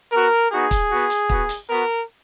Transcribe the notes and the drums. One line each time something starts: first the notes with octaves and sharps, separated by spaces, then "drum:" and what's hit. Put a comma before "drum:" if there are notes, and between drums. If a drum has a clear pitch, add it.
B3 F#4 A#4
B3 D#4 F#4 G#4
drum: kick, hi-hat
B3 F#4
drum: hi-hat
B3 F#4, drum: kick
drum: hi-hat
B3 F#4 A#4